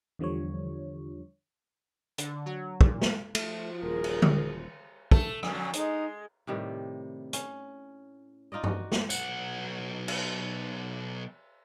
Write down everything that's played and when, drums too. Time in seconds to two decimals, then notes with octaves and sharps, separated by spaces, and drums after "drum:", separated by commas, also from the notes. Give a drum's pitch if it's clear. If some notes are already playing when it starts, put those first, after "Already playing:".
0.19 E2 D3 F3 G3 C#5
2.18 D3, drum: hi-hat
2.46 F#3
2.81 A#2, drum: kick
3.01 drum: snare
3.35 F3 A3 F#4, drum: cymbal
3.83 D#1 G#4 A#4
4.04 drum: cymbal
4.22 drum: tom D3
5.11 A3 A4, drum: kick
5.43 F2 D3 F#3, drum: rim click
5.73 G#3 D#4, drum: hi-hat
6.47 A2 C3 D#3 G3
7.33 C#4, drum: hi-hat
8.52 D#4 F4 D5 D#5
8.64 F#4, drum: tom G2
8.92 drum: snare
9.10 B1 F#5, drum: tambourine
10.08 drum: cymbal